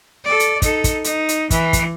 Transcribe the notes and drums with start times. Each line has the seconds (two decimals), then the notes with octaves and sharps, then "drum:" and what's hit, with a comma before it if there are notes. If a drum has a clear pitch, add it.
0.25 A4 D5
0.40 drum: hi-hat
0.62 D#4 A4, drum: kick, hi-hat
0.84 drum: kick, hi-hat
1.04 D#4, drum: hi-hat
1.29 drum: hi-hat
1.51 E3, drum: kick, hi-hat
1.73 drum: kick, hi-hat